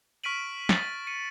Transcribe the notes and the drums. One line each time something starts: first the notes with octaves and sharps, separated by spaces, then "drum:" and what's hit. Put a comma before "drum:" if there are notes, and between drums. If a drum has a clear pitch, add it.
C#6 F6 B6 D7 D#7 F#7
A6, drum: snare
C#7 D#7